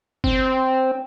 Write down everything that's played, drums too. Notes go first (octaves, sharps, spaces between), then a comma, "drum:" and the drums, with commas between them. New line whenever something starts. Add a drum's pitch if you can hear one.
C4, drum: kick F#1